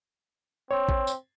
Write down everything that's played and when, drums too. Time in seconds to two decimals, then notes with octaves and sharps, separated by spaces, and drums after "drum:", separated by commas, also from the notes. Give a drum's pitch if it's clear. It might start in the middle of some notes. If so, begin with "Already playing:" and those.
0.71 C4 C#5
0.89 drum: kick A1
1.07 drum: tambourine